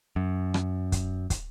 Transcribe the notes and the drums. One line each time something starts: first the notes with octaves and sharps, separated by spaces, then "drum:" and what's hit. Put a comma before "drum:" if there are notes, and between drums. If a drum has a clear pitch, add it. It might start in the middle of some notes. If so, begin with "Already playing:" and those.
F#2
drum: rim click
drum: kick, hi-hat
drum: kick, hi-hat